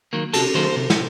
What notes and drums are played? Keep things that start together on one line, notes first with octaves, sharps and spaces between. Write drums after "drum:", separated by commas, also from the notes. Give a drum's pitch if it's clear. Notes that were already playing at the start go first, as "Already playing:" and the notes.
D#3 F#3 A#3
C3 A4, drum: cymbal
D#3 F#3 A#3 C5
C3
drum: snare